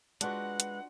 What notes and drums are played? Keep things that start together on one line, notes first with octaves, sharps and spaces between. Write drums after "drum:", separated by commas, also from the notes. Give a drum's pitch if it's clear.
G#3 D4 F4 F#4 B4 F#5, drum: hi-hat
drum: hi-hat